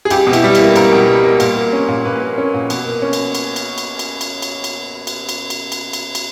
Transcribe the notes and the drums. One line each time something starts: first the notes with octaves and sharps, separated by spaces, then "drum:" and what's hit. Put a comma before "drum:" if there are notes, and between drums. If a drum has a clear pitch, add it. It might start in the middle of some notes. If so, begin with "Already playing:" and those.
G#4
C#2 G4, drum: cymbal
B2
E4, drum: cymbal
G3
E4, drum: cymbal
A#3
C#2 A#4, drum: cymbal
B2
G3
A#3
A#2, drum: cymbal
A#3
C#4
A#2
A#2 B4
A#3
C#4
A#2
B2, drum: cymbal
A#3
C#4
drum: cymbal
drum: cymbal
drum: cymbal
drum: cymbal
drum: cymbal
drum: cymbal
drum: cymbal
drum: cymbal
drum: cymbal
drum: cymbal
drum: cymbal
drum: cymbal
drum: cymbal
drum: cymbal